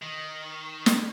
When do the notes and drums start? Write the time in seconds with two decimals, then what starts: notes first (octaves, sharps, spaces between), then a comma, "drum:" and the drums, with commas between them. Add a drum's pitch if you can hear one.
0.02 D#3
0.86 drum: snare